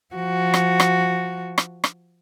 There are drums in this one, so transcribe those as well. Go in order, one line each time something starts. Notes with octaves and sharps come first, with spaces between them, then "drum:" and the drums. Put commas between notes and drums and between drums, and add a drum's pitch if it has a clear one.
F3 F#4
drum: rim click
drum: rim click
drum: rim click
drum: rim click